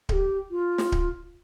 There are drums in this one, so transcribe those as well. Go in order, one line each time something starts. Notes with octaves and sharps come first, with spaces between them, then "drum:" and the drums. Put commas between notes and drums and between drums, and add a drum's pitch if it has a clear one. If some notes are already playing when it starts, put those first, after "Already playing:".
A4, drum: kick D1
G4
F4
drum: snare
drum: kick D1